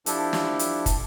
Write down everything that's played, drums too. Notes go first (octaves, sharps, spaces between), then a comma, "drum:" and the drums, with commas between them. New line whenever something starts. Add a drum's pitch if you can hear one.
F3 D4 E4 G4 A4, drum: hi-hat
drum: snare
drum: hi-hat
drum: kick, hi-hat